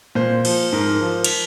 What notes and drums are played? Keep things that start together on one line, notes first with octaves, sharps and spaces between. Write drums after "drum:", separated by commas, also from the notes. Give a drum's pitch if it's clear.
A#2 C5
F3, drum: cymbal
G#2 A#4
F3
drum: cymbal